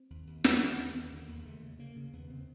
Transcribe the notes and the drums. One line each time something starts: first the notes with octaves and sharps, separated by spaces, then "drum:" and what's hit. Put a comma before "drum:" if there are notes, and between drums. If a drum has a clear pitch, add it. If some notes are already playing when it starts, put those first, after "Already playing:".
Already playing: C4
D#2
D#2
D#2, drum: snare
D3
A#3
D#2 B3
D#2
D3 A#3
D#2
C#3 A3
C#3
C#3 A#3
C#3
D#2 B3
C#3 C4